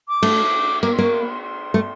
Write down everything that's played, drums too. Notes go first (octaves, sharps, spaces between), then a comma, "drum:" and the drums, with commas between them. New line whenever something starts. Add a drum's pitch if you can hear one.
D6
A3, drum: cymbal
A#3 D6, drum: tambourine
C6
A#3
C#6
C6
B5
C6
C6
A3